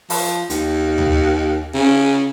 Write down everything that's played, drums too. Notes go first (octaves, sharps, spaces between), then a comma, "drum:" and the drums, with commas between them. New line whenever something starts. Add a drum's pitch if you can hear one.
F3, drum: open hi-hat
D#2, drum: hi-hat
drum: tom D2
C#3